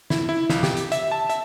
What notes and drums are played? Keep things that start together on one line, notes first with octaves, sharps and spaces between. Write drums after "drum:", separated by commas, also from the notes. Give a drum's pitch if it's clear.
E4, drum: snare
E4
B1, drum: snare
G4, drum: snare
drum: hi-hat
E5, drum: hi-hat
A5
E5, drum: hi-hat